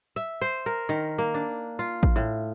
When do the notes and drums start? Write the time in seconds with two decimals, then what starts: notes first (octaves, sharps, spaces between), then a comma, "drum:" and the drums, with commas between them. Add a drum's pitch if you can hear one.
0.16 E5
0.41 C5
0.66 A#4
0.89 D#3
1.18 A#3
1.34 D4
1.79 F4
2.03 drum: kick A1
2.16 A2